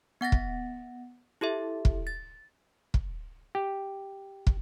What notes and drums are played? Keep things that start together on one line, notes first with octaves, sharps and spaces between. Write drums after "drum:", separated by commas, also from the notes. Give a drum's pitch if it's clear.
B3 F#5 A6 A#6
drum: kick
E4 G4 A4 E5
drum: kick
A6
drum: kick
G4
drum: kick